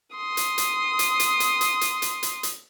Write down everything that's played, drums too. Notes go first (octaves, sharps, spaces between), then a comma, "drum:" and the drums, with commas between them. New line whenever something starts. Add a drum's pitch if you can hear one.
C6 D#6
drum: hi-hat
drum: hi-hat
drum: hi-hat
drum: hi-hat
drum: hi-hat
drum: hi-hat
drum: hi-hat
drum: hi-hat
drum: hi-hat
drum: hi-hat